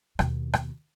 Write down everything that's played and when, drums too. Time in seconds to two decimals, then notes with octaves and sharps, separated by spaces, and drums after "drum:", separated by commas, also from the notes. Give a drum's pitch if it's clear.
0.19 D#2 B2, drum: rim click
0.53 drum: rim click